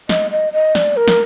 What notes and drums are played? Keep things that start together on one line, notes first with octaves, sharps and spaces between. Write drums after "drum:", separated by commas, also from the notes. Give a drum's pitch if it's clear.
D#5, drum: snare
D#5
D#5
D5, drum: snare
A#4
drum: snare